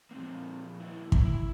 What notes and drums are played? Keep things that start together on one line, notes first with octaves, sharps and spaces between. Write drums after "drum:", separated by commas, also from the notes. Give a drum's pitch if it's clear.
A#3
A#2 F3 C4
E4
E4, drum: kick